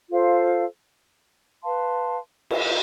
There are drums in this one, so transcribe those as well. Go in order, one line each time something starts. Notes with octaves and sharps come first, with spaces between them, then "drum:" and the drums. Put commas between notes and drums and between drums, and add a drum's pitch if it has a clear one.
F4 A4 C5 F5
B4 F5 A5 C6
drum: cymbal